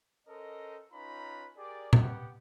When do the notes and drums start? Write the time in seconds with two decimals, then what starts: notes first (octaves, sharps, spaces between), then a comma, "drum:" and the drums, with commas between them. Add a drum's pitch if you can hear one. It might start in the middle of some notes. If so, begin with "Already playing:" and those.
0.27 C#4 A4 A#4 C5 D#5
0.92 C#4 D#4 F4 B4 A#5 B5
1.57 G4 G#4 A#4 D5
1.93 B3 G4 F#5, drum: tom A#2